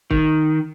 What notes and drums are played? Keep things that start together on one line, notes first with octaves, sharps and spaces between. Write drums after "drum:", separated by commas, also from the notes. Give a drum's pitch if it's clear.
D#3, drum: kick